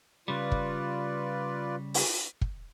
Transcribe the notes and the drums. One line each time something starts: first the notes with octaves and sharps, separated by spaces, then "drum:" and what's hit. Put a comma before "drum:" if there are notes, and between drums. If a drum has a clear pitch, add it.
C#3 G3 F4 B4 D5
drum: kick
drum: open hi-hat
drum: kick